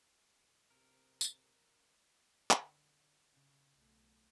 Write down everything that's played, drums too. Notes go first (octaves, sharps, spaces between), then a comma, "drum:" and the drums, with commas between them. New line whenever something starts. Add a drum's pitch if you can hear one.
C3 A#4
drum: tambourine
D3, drum: clap
C#3
B1 A3